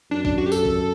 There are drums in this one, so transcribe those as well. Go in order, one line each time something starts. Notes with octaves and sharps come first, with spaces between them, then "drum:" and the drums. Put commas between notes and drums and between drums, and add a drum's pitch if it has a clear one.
F#2 D4
D4, drum: kick
F#4
G4
A4, drum: tambourine
drum: kick